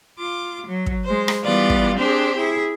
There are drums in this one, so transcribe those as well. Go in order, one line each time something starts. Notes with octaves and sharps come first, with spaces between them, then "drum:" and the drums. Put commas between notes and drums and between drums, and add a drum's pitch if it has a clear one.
F4 D6
F#3
drum: kick
G#3 C5
drum: rim click
E3 G3 B3 F4 D5
drum: kick
C4 D4 G4 G#4 C5
E4 G#4